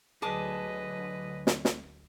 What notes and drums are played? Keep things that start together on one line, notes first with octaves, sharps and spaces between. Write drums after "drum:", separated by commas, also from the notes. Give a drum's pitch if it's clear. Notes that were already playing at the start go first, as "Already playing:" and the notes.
D2 D3 F#3 G#4 B4 D#5 A5 D6
drum: snare
drum: snare